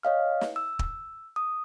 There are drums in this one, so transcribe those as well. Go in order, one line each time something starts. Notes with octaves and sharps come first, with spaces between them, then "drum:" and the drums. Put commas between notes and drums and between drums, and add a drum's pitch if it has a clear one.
C#5 D#5 F5 F6
drum: snare
E6
drum: kick
D#6